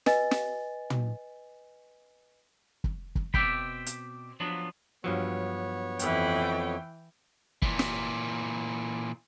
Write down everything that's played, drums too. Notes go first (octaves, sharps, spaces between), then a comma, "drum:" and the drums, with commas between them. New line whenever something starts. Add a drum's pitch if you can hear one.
B4 D#5 G#5 A6, drum: snare
drum: snare
drum: tom
drum: kick
drum: kick
B2 C4 D5 E5 G5 B5, drum: kick
drum: hi-hat
F3 F#3 B3 D4 F4
G2 F3 F#3 B3 C#5
F2 E3 G5, drum: hi-hat
A#2 E3, drum: kick
drum: snare